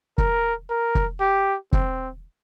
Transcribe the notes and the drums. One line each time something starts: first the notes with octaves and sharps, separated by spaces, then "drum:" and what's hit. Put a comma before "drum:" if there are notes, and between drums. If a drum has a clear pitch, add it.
A#4, drum: kick
A#4
drum: kick
G4
C4, drum: kick